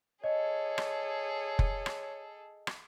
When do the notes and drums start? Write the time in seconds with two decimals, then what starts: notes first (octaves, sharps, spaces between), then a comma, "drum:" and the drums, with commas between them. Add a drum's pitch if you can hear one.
0.24 G#4 A4 C#5 D#5
0.78 drum: rim click
1.59 drum: kick F1
1.86 drum: rim click
2.67 drum: rim click